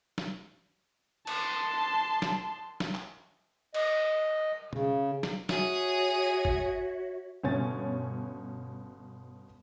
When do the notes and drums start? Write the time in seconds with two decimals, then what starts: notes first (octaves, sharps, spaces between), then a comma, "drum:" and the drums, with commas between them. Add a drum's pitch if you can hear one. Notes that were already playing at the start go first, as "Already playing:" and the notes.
0.18 drum: snare
1.27 A5 C6, drum: cymbal
2.22 drum: snare
2.80 drum: snare
2.95 drum: clap
3.74 D#5, drum: cymbal
4.73 C#3, drum: tom
5.23 drum: snare
5.49 F#4 G#4 C#5 E5, drum: snare
6.45 drum: kick
7.43 G1 B2 C#4 C#5 G#5 A6